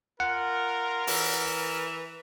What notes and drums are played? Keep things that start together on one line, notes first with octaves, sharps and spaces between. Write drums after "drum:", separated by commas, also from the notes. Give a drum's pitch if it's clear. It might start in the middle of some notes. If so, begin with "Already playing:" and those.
F4 A#4 F#5
E3, drum: open hi-hat